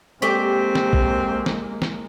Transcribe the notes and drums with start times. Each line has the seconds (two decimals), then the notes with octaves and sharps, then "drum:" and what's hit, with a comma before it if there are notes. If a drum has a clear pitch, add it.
0.22 G#3 A#3 C4 G4 A4 D5 C#6 B6
0.75 drum: snare
0.93 drum: kick
1.46 drum: snare
1.82 drum: snare